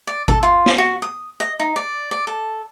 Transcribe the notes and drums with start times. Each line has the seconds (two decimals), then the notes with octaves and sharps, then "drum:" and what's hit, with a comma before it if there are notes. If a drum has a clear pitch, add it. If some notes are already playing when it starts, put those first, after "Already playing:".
0.07 D5
0.28 A4, drum: kick G#1
0.43 F4
0.66 drum: snare
0.78 F#4
1.02 D#6
1.40 D#5
1.60 D#4
1.76 D5
2.11 D5
2.27 A4